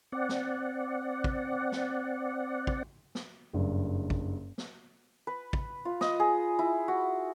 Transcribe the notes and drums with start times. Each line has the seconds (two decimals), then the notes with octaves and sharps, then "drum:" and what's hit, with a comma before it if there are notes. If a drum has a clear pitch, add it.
0.12 C4 D5 F#5
0.29 drum: snare
1.24 drum: kick
1.72 drum: snare
2.67 drum: kick
3.15 drum: snare
3.53 F#1 G2
4.10 drum: kick
4.58 drum: snare
5.27 B4
5.53 drum: kick
5.85 F4
6.01 D#5, drum: snare
6.20 G#4
6.59 E4
6.88 F#4